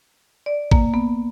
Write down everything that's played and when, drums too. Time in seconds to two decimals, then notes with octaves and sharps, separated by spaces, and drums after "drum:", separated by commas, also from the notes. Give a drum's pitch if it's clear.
0.46 D5
0.71 A#3, drum: kick A1
0.94 B3